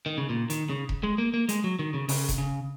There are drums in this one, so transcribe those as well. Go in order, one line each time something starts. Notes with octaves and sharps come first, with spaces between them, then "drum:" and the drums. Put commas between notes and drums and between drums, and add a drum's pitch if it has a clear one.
D#3
C#3
A#2
D#3, drum: hi-hat
C#3
drum: kick E1
G#3
A#3
A#3
G#3, drum: hi-hat
F#3
D#3
C#3
C#3, drum: open hi-hat
drum: kick E1, hi-hat
C#3